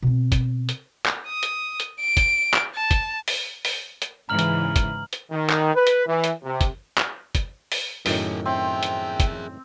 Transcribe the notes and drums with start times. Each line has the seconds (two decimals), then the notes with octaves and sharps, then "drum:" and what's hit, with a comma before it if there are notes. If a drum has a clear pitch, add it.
0.02 B2 C4
0.32 drum: kick, hi-hat
0.69 drum: hi-hat
1.06 drum: clap
1.28 D#6
1.43 drum: hi-hat
1.80 drum: hi-hat
2.00 D7
2.17 drum: kick, hi-hat
2.54 drum: clap
2.76 A5
2.91 drum: kick, hi-hat
3.28 drum: open hi-hat
3.65 drum: open hi-hat
4.02 drum: hi-hat
4.29 G#2 C#3 E3 A#5 F6 F#7
4.39 drum: hi-hat
4.76 drum: kick, hi-hat
5.13 drum: hi-hat
5.31 D#3
5.50 drum: clap
5.74 B4
5.87 drum: hi-hat
6.06 E3
6.24 drum: hi-hat
6.43 C3
6.61 drum: kick, hi-hat
6.98 drum: clap
7.35 drum: kick, hi-hat
7.72 drum: open hi-hat
8.06 F#2 A2 D#3 F#4 G#4, drum: open hi-hat
8.46 C4 G#4 E5 G5
8.83 drum: hi-hat
9.20 drum: kick, hi-hat